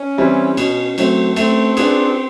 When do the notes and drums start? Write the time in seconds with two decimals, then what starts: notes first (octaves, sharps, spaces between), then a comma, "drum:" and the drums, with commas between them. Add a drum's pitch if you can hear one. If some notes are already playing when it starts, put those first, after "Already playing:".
Already playing: C#4
0.18 E3 G3 C4 E4
0.57 B2, drum: cymbal
0.98 F#3 A3 C4, drum: cymbal
1.36 A3 C4, drum: cymbal
1.77 D4 F4 G#4 B4, drum: cymbal